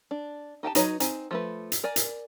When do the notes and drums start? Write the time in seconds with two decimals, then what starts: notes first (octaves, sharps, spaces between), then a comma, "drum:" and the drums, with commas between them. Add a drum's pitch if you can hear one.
0.11 D4
0.63 D#4 G4 G5 A5
0.75 F#3 D#4 B4 C#5, drum: hi-hat
1.00 C4 D#4 G#5, drum: hi-hat
1.31 F3 A3 B4
1.72 drum: hi-hat
1.84 A#4 D5 G#5
1.96 drum: hi-hat